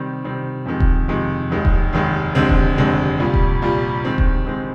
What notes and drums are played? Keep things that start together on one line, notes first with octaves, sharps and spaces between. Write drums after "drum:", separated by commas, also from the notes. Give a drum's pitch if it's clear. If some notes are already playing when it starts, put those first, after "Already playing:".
Already playing: C3 D#3 G3 C4
C3 D#3 G3 C4
F2 C3 D#3 G#3
drum: kick D#1
F2 C3 D#3 G#3
F1 D#2 D#3 G#3
drum: kick D#1
F1 D#2 D#3 G#3
F1 D#2 D3 G#3 C4
drum: kick D#1
F1 D#2 D3 G#3 C4
C2 A#2 G3
drum: kick D#1
C2 A#2 G3
D#3 G#3 C4
drum: kick D#1
D#3 G#3 C4